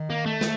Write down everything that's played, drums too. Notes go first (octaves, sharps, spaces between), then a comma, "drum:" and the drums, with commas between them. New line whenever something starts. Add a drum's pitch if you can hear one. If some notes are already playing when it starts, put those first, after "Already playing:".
Already playing: D#3
A#3
A3
drum: snare